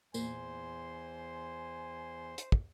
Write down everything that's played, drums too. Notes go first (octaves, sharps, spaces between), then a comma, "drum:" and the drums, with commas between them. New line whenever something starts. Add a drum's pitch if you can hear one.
E2 A#2 C5 G#5 C6, drum: tambourine
drum: hi-hat
drum: kick